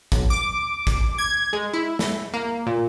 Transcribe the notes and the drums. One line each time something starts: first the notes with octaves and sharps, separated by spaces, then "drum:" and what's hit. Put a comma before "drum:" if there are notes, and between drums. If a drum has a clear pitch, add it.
B1, drum: kick A1, hi-hat
D6
drum: kick A1, hi-hat
G#6
G#3
E4
drum: snare
A#3
A#2